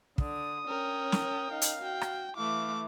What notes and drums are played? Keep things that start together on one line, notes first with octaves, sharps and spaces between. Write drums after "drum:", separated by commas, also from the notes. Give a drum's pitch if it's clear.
D3 D#6, drum: kick
C#4 A#4 G5
drum: snare
D#4 F5
drum: hi-hat
F#4 G5
drum: rim click
E3 A3 F5 D6